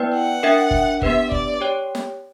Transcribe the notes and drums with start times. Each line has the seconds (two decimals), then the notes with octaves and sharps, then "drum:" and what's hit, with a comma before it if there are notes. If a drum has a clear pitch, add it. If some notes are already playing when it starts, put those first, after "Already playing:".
Already playing: B3 E4 B4 D5 G5
0.14 F#5
0.43 D4 A#4 E5 G5
0.71 drum: kick G1
1.02 B3 D4 G4 B4 E5 F#5, drum: kick G1
1.31 D5, drum: kick G1
1.61 G4 C#5 G5
1.95 drum: snare